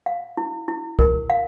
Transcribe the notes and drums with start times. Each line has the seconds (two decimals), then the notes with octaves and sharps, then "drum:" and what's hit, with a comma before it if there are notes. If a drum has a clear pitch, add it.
0.06 F5
0.37 E4
0.68 E4
0.99 A#4, drum: kick
1.30 F5